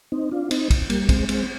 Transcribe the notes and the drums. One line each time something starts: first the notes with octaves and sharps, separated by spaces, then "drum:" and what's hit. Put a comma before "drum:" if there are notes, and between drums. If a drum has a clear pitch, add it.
C4 D#4
D4 F4
C4 D#4, drum: cymbal
drum: kick, cymbal
G3 A#3, drum: cymbal
G#3 C4, drum: kick, cymbal
G#3 C4, drum: cymbal